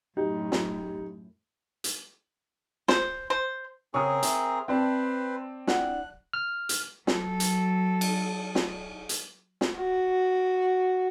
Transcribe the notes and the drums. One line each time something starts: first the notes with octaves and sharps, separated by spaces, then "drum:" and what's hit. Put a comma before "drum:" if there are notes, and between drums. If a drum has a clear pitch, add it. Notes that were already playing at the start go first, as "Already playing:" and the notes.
F#2 A2 D#4 G4
drum: snare
drum: hi-hat
C5, drum: snare
C5
C#3 C4 G#4 A#4 C#6 D#6
E5, drum: hi-hat
C4 B4 C5 D5 A5
D4 E4 F#5 F#6, drum: snare
F6
drum: hi-hat
F#3 A4, drum: snare
drum: hi-hat
drum: cymbal
drum: snare
drum: hi-hat
drum: snare
F#4